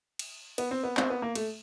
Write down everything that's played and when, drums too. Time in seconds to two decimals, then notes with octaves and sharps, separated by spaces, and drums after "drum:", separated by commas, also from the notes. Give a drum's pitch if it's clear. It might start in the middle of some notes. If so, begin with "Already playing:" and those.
0.19 drum: cymbal
0.58 B3, drum: cymbal
0.71 C4
0.83 B3
0.97 C4, drum: clap
1.10 B3
1.22 A#3
1.35 A3, drum: cymbal